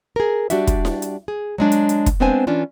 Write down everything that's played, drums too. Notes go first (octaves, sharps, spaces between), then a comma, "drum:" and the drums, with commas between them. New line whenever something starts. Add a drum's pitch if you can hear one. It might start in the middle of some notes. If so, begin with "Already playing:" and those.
G#4 A#4
G3 D4 F#4 G4 E5, drum: hi-hat
drum: kick, hi-hat
drum: snare E4
drum: hi-hat
G#4
F#3 G#3 D4
drum: hi-hat
drum: hi-hat
drum: kick, hi-hat
G#3 B3 C4 D4 C5 G#5
E3 C#4 D4 F4